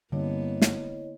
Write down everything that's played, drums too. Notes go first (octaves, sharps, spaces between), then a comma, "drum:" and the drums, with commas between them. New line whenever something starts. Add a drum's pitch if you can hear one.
G2 D3 A#3 B3 C#4 E4 C#5 D#5
drum: snare